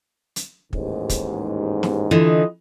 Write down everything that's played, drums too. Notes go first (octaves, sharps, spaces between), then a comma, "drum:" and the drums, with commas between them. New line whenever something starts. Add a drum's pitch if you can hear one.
drum: hi-hat
A1 D#2 G#2, drum: kick
drum: kick, hi-hat
drum: snare
D3 E3 F4 D#5